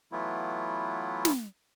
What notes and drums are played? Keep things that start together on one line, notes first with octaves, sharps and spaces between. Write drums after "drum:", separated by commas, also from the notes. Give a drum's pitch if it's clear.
E3 F#3 A3 B3 E4 F4
drum: snare